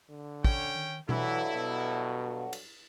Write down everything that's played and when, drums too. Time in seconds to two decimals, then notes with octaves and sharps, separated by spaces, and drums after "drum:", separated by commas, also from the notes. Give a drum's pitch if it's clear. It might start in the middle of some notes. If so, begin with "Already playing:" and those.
0.10 D3
0.44 C#4 C#5 G5, drum: kick
0.75 D#3
1.09 G2 E3 F#3 E4 A4 F#5, drum: tom B2
1.55 B2
2.53 drum: cymbal